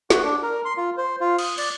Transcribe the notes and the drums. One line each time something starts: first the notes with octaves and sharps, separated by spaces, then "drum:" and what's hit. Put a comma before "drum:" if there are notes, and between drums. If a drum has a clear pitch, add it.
F#4, drum: snare
D4
A#4
C6
F4
C5
F4
D#6, drum: cymbal
D5, drum: cymbal